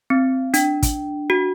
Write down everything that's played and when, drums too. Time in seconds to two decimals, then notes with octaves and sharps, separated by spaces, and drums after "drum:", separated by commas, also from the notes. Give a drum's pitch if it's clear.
0.10 C4
0.54 D4, drum: hi-hat
0.83 drum: kick, hi-hat
1.30 F#4